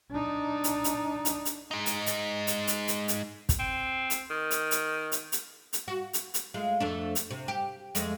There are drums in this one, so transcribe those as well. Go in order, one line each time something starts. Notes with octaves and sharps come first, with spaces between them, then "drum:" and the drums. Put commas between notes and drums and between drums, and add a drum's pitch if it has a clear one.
D4 D#4
drum: hi-hat
drum: hi-hat
drum: hi-hat
drum: hi-hat
G#3 D#4
drum: hi-hat
drum: hi-hat
drum: hi-hat
drum: hi-hat
drum: hi-hat
drum: hi-hat
drum: kick, hi-hat
C4
drum: hi-hat
D#3
drum: hi-hat
drum: hi-hat
drum: hi-hat
drum: hi-hat
drum: hi-hat
F#4
drum: hi-hat
drum: hi-hat
G#3 A3 F4
F2 A3 D4
drum: hi-hat
C3
G4
F2 G#3 A3, drum: hi-hat